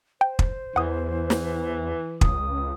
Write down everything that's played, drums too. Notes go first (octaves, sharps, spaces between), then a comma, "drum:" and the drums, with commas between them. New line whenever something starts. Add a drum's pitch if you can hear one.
C5 G5
drum: kick
E2 E3 F#5 D#6
drum: snare
C#2 D#6, drum: kick